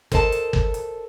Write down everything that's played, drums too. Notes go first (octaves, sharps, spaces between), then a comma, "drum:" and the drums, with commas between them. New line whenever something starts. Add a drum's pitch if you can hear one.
A4 A#4 C5 D#5 G5 A5, drum: kick, hi-hat
drum: hi-hat
drum: kick
drum: hi-hat